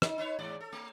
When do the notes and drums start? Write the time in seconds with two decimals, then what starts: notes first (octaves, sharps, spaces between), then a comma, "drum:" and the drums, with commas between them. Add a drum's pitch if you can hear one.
0.02 D#4, drum: rim click
0.18 D#4 B4 C#5
0.39 E2 G#2 D5
0.60 A4
0.72 A3